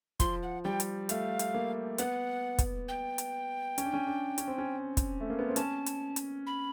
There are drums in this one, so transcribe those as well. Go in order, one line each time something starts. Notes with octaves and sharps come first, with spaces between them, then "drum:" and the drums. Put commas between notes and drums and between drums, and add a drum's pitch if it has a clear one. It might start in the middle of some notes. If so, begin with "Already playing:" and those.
F3 C6, drum: kick, hi-hat
F#5
G3 G5
drum: hi-hat
A3 F5, drum: hi-hat
drum: hi-hat
A#3
B3 F#5, drum: hi-hat
drum: kick, hi-hat
G5
drum: hi-hat
C#4, drum: hi-hat
D4
C#4
D4
C#4, drum: hi-hat
C4
C#4
drum: kick, hi-hat
A3
A#3
B3
C4
C#4 A5, drum: hi-hat
drum: hi-hat
drum: hi-hat
B5